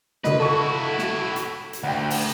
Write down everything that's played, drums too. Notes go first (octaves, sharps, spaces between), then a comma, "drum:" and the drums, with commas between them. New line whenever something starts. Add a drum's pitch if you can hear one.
D3 B4 D#5, drum: snare
E4 F#4 A4 C#6
drum: snare
drum: hi-hat
drum: hi-hat
D2 F#5 G5
drum: open hi-hat